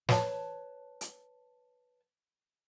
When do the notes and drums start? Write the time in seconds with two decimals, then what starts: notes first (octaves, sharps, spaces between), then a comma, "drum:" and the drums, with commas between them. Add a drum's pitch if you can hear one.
0.09 B4 C#5 A5, drum: snare
1.01 drum: hi-hat